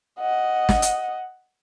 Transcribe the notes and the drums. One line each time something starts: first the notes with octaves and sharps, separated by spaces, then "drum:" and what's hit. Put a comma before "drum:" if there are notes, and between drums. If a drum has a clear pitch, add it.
D#5 F#5
drum: snare
drum: hi-hat